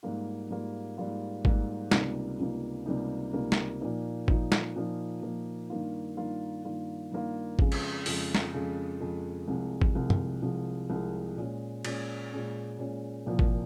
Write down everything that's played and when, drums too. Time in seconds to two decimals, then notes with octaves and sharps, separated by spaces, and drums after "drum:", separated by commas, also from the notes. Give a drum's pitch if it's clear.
0.03 G#2 G3 A#3 F4
0.50 G#2 G3 A#3 F4
0.98 G#2 G3 A#3 F4
1.45 G#2 G3 A#3 F4, drum: kick G#1
1.91 C#2 C3 G3 A#3 D#4, drum: snare
2.39 C#2 C3 G3 A#3 D#4
2.86 C#2 C3 G3 A#3 D#4
3.33 C#2 C3 G3 A#3 D#4
3.52 drum: snare
3.81 A#2 F3 A#3 D#4
4.28 A#2 F3 A#3 D#4, drum: kick G#1
4.52 drum: snare
4.76 A#2 F3 A#3 D#4
5.22 A#2 F3 A#3 D#4
5.70 G2 D#3 A#3 F4
6.17 G2 D#3 A#3 F4
6.64 G2 D#3 A#3 F4
7.12 G2 D#3 A#3 F4
7.59 F2 C#3 G#3, drum: kick G#1
7.72 drum: cymbal
8.06 F2 C#3 G#3, drum: open hi-hat
8.35 drum: snare
8.53 F2 C#3 G#3
9.00 F2 C#3 G#3
9.48 C2 C3 F3 G#3
9.82 drum: kick G#1
9.95 C2 C3 F3 G#3
10.10 drum: tom
10.42 C2 C3 F3 G#3
10.90 C2 C3 F3 G#3
11.37 A#2 G#3 C#4
11.85 A#2 G#3 C#4, drum: cymbal
12.32 A#2 G#3 C#4
12.79 A#2 G#3 C#4
13.26 C2 A#2 F3 A#3
13.39 drum: kick G#1